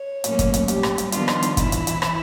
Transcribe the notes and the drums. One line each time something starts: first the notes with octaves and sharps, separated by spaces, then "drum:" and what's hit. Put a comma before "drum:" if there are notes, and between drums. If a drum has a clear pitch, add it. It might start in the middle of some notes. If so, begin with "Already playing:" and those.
Already playing: C#5
A2 F#3 A#3 C#4, drum: hi-hat
drum: kick, hi-hat
drum: hi-hat
G3 G4, drum: hi-hat
drum: rim click
drum: hi-hat
D#3 F3 G3 B3 D4 F4, drum: hi-hat
drum: rim click
drum: hi-hat
E3 E4, drum: kick, hi-hat
drum: hi-hat
drum: hi-hat
drum: rim click